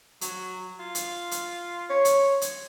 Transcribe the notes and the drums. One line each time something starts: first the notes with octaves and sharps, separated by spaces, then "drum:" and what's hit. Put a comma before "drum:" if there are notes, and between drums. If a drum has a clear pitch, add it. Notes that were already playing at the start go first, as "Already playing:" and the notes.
F#3, drum: hi-hat
F4
drum: hi-hat
drum: hi-hat
C#5
drum: hi-hat
drum: hi-hat